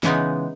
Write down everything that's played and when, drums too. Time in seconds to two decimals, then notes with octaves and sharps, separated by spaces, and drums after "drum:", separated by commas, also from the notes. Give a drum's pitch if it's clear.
0.03 C#3 E3 G#3 B3 D#4, drum: snare